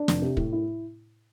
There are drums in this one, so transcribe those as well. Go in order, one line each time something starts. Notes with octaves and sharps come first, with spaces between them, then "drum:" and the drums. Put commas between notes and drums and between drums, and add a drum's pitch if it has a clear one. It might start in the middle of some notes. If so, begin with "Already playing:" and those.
Already playing: D4
F1, drum: snare
C3
A2, drum: kick
E4